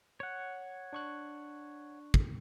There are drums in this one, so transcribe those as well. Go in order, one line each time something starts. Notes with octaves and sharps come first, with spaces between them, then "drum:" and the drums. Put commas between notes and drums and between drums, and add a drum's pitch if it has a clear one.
C#5 F#5
D4 C#6 F#6
drum: kick